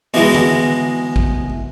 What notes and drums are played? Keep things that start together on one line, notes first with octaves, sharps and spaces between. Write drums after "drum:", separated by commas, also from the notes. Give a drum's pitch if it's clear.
B2 E3 G#3, drum: open hi-hat
drum: tom D3
drum: kick